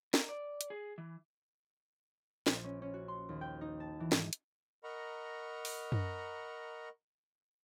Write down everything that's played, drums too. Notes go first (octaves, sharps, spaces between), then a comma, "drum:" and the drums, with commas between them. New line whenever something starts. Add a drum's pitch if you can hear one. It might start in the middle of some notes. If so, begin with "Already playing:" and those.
A#4, drum: snare
D5
drum: hi-hat
G#4
E3
A#1, drum: snare
C#4
C#4
F#4
C6
D#2
G5
D#4
A5
E3
G#2, drum: snare
drum: hi-hat
A#4 D#5 F#5 A#5 B5 C#6
drum: open hi-hat
drum: tom F#2